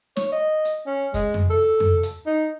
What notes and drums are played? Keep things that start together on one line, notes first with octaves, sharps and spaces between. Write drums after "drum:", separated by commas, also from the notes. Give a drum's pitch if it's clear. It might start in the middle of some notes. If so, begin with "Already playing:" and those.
C#5, drum: snare
D#5
drum: hi-hat
C#4
G#3, drum: kick, hi-hat
drum: tom F2
A4
drum: tom F2
drum: hi-hat
D#4